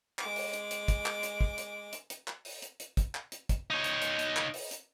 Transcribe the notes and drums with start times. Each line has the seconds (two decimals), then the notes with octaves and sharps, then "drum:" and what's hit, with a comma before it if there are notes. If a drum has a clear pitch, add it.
0.19 G#3 D6, drum: clap
0.36 drum: open hi-hat
0.54 drum: hi-hat
0.71 drum: hi-hat
0.88 drum: kick, hi-hat
1.06 drum: clap
1.23 drum: hi-hat
1.41 drum: kick
1.58 drum: hi-hat
1.93 drum: hi-hat
2.10 drum: hi-hat
2.28 drum: clap
2.45 drum: open hi-hat
2.62 drum: hi-hat
2.80 drum: hi-hat
2.97 drum: kick, hi-hat
3.15 drum: clap
3.32 drum: hi-hat
3.49 drum: kick, hi-hat
3.70 D#4 C#5
3.84 drum: hi-hat
4.02 drum: hi-hat
4.19 drum: hi-hat
4.36 drum: clap
4.54 drum: open hi-hat
4.71 drum: hi-hat